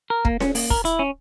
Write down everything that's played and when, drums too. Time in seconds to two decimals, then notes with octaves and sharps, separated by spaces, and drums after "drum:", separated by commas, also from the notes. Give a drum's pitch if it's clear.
0.10 A#4
0.25 A#3, drum: kick
0.40 C#4, drum: snare C#4
0.55 A#3, drum: open hi-hat
0.70 A#4, drum: kick
0.85 E4, drum: hi-hat
0.99 C#4